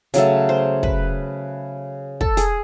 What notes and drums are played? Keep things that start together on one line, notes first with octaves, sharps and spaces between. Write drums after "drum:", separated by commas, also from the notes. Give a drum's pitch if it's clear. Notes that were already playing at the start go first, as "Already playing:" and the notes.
C#3 F#3 A3, drum: hi-hat
C5
B4, drum: kick
A4, drum: kick
G#4, drum: hi-hat